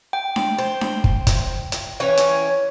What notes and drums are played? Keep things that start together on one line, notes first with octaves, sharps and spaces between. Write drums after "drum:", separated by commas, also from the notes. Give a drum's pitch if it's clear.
G5
drum: snare D4
C5
drum: snare D4
drum: kick
drum: kick, hi-hat
drum: hi-hat
E3 C#4 C#5
drum: hi-hat